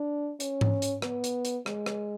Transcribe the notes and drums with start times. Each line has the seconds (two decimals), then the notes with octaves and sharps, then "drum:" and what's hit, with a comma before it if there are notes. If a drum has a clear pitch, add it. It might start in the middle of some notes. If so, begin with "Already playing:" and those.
Already playing: D4
0.40 C#4, drum: hi-hat
0.61 drum: tom G#2
0.82 drum: hi-hat
1.02 B3, drum: rim click
1.24 drum: hi-hat
1.45 drum: hi-hat
1.66 G#3, drum: rim click
1.86 drum: rim click